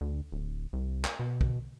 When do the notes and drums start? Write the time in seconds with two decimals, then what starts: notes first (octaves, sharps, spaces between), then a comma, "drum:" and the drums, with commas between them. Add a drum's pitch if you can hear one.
0.01 D2
0.32 D1
0.73 C2
1.05 drum: clap
1.20 B2
1.41 drum: kick